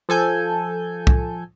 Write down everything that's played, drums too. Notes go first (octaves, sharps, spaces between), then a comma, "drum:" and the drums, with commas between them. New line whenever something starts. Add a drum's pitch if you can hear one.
F3 A4 G#5 G6
drum: kick C2